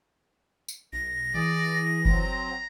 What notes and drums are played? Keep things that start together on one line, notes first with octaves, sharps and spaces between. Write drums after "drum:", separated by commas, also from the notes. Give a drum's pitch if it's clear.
drum: tambourine
B1 A#6
E3 G#4 D5
F#3 C4 A#5, drum: kick F#1